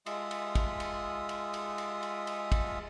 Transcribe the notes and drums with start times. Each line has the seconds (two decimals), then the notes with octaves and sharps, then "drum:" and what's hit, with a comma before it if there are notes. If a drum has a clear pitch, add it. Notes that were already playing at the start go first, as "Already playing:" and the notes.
0.06 G#3 F4 E5 D#6, drum: cymbal
0.31 drum: cymbal
0.55 drum: kick, cymbal
0.80 drum: cymbal
1.29 drum: cymbal
1.54 drum: cymbal
1.78 drum: cymbal
2.03 drum: cymbal
2.27 drum: cymbal
2.52 drum: kick, cymbal